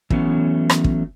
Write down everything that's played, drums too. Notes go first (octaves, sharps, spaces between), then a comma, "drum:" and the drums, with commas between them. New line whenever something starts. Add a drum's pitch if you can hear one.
E3 F#3 A3 B3 C#4, drum: kick
drum: rim click
drum: kick